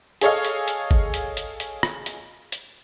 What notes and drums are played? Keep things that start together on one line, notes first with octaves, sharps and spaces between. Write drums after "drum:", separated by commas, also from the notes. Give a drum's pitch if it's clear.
G#4 A4 C#5 D#5 F5, drum: hi-hat
drum: hi-hat
drum: hi-hat
drum: kick
drum: hi-hat
drum: hi-hat
drum: hi-hat
drum: rim click
drum: hi-hat
drum: hi-hat